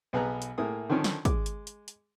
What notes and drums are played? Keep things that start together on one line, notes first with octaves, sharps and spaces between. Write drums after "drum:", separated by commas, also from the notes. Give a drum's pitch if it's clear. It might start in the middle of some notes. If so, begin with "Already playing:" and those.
B1 B3 G#4 B4 A#5 F#6
drum: hi-hat
A2 A#3 E4 G#4 D#6
D3 D#3 F3 C#4
drum: snare
G#3 D6, drum: kick, hi-hat
drum: hi-hat
drum: hi-hat
drum: hi-hat